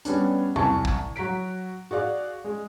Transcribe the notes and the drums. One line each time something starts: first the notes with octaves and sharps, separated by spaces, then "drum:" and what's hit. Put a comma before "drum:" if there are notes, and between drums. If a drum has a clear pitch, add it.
G3 B3 C#4 D4, drum: hi-hat
C2 G#5 A5 C#6, drum: tom
drum: kick
F#3 F#4 A#5 B6 D7
F#4 G#4 D5 F5
G#3